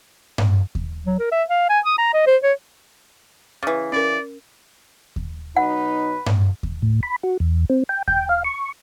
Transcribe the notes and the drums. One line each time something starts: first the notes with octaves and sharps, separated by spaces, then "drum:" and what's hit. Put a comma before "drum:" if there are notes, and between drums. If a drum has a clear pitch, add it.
drum: tom G2
drum: kick D#2
F#3
A#4
E5
F5
G#5
D#6
A#5
D#5
C5
C#5
C#3 E3 D6 A6
C#4 A#4 D5
drum: kick D#2
B2 F#3 D#4 B4 F#5
drum: tom G2
drum: kick D#2
A2
B5
F#4
E2
C4
G5
G5, drum: kick D#2
F5
C#6